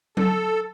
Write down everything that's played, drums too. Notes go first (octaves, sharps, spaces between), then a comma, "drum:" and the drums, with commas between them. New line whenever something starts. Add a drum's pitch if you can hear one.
A4, drum: tom F#3